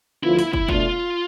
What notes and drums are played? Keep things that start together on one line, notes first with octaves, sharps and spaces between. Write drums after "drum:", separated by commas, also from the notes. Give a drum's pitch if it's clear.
D2 D3 F3 B3 E4 F4
E4, drum: hi-hat
E4, drum: kick
B2 A3 D4 F4, drum: kick